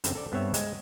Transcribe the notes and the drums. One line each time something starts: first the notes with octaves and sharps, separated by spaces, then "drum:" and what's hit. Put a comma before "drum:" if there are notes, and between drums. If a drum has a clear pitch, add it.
F#2 D3 C4, drum: hi-hat
A4 D5
G2 B3 C4 C#5 E5
G#3, drum: hi-hat